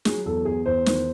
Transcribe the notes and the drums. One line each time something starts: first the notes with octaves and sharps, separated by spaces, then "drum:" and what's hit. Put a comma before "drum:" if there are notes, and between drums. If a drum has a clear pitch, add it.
F#3 G#4, drum: snare
E2 A4
E2 G#4
E2 C5
D#3, drum: snare